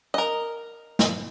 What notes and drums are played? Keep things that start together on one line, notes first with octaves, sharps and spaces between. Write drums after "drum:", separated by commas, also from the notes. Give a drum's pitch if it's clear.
A#4 D#5
drum: snare